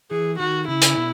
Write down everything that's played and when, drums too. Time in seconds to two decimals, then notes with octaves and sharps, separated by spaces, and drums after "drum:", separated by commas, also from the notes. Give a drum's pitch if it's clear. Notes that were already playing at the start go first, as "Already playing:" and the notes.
0.10 E3 G#4
0.39 D#3 F#4
0.68 C#3 E4
0.82 drum: hi-hat
0.97 B2